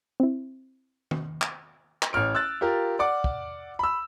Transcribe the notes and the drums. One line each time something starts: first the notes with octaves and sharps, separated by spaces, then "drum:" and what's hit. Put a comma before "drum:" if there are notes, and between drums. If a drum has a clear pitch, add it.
C4 E4
drum: tom D#3
drum: clap
drum: clap
A1 C#5 F6 D7
E6 F#6 A6
F4 G4 A#4
D5 F#5 D6
drum: kick
B5 E6